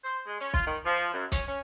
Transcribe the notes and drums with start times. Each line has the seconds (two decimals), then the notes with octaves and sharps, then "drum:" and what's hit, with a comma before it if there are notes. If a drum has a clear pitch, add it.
0.04 C5
0.26 G#3
0.41 C#4
0.53 F4, drum: kick B1
0.66 D#3
0.85 F3
1.13 F#2
1.32 C#4, drum: kick B1, hi-hat
1.47 C#4